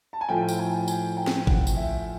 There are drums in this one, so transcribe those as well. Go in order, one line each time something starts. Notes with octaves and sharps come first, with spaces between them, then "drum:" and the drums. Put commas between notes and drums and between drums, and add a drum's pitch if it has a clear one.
A5
G#5
A2 F3 A3 G5
drum: tambourine
G#5
G#5, drum: tambourine
G5
drum: snare
F#5, drum: kick G#1
drum: tambourine
E5